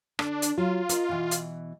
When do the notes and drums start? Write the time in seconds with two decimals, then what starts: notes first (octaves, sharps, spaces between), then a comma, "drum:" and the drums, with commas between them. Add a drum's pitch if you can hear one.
0.19 D3 D4, drum: rim click
0.42 drum: hi-hat
0.58 F#3 F4
0.89 A#4 D#5, drum: hi-hat
1.09 B2 E3
1.31 drum: hi-hat